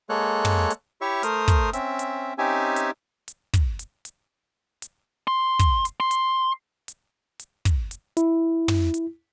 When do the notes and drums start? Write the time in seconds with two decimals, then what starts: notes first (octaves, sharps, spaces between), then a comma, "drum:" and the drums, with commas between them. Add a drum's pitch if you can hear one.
0.09 G#3 A#3 A4 C#5 F#6
0.45 drum: tom
0.70 drum: hi-hat
1.01 E4 G4 C#5 E5 C#6
1.23 A3 A#4 C5 D#6 F6, drum: hi-hat
1.48 drum: kick, hi-hat
1.73 C4 C#4 E5, drum: hi-hat
1.99 drum: hi-hat
2.38 C4 C#4 D#4 G4 E5 G#5
2.76 drum: hi-hat
3.28 drum: hi-hat
3.54 drum: kick, hi-hat
3.79 drum: hi-hat
4.05 drum: hi-hat
4.82 drum: hi-hat
5.28 C6
5.59 drum: kick, hi-hat
5.85 drum: hi-hat
6.00 C6
6.11 drum: hi-hat
6.88 drum: hi-hat
7.40 drum: hi-hat
7.65 drum: kick, hi-hat
7.91 drum: hi-hat
8.17 E4, drum: hi-hat
8.68 drum: tom
8.94 drum: hi-hat